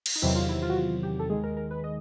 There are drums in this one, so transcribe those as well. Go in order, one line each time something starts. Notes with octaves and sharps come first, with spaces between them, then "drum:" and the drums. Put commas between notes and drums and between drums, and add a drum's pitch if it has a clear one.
drum: cymbal
D#4
E2 C3 D#3 F#3 E4
F4
E4
F4
F#4
F4
G4
A4
D#2 D#3 G#3 G#4
A#4
A#4
B4
D#5